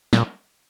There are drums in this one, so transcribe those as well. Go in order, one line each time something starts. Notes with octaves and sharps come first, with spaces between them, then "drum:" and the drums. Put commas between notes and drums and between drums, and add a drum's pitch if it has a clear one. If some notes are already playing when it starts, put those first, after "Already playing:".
A#2, drum: snare